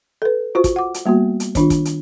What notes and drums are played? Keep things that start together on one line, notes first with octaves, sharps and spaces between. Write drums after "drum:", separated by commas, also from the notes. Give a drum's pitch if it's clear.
A4 B4
F4 F#4 C5 C#6
drum: kick, hi-hat
F#5 D6
drum: hi-hat
G3 A#3 B3 F#4
drum: hi-hat
D#3 D4 F4, drum: kick, hi-hat
drum: kick, hi-hat
drum: hi-hat